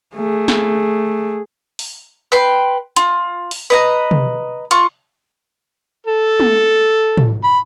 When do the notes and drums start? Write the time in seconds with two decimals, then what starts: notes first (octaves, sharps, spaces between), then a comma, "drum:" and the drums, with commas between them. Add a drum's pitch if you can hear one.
0.15 A3 G#4
0.48 drum: snare
1.79 drum: open hi-hat
2.32 B4 G5 C6
2.96 F4, drum: hi-hat
3.51 drum: open hi-hat
3.70 B4 D#5 A#5
4.11 drum: tom
4.71 F4 C#6, drum: hi-hat
6.06 A4
6.40 drum: tom
7.17 drum: tom
7.44 B5